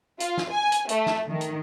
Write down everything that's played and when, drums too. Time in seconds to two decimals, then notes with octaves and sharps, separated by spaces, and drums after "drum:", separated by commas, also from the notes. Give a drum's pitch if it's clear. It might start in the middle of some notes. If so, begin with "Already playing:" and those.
0.20 F4, drum: hi-hat
0.37 drum: snare
0.50 G#5
0.72 drum: hi-hat
0.89 A3, drum: hi-hat
1.06 drum: snare
1.28 D#3
1.41 drum: hi-hat